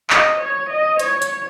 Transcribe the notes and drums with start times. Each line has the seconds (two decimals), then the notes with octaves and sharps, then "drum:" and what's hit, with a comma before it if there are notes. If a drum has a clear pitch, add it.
0.10 D#5, drum: clap
0.40 C#5
0.70 D#5
0.99 C#5, drum: hi-hat
1.22 drum: hi-hat